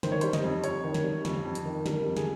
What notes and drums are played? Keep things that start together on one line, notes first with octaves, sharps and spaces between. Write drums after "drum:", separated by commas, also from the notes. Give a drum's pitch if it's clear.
D#3 C5, drum: snare
C#5
G3 C5, drum: hi-hat
D#5, drum: snare
F2
F2 C#5, drum: hi-hat
D#3
drum: snare
G3
F2, drum: snare
F2
drum: hi-hat
D#3
G3 A#4, drum: snare
F2
G#4, drum: snare